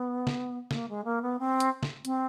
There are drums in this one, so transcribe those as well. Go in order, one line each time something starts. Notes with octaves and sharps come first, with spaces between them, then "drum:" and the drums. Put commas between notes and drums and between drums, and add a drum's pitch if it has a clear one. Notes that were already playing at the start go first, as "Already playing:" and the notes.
Already playing: B3
drum: snare
A#3, drum: snare
G#3
A#3
B3
C4
drum: hi-hat
drum: snare
C4, drum: hi-hat